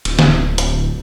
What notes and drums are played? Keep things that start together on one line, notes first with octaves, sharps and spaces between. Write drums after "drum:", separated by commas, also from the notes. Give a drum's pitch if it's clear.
D1, drum: cymbal
drum: snare
drum: hi-hat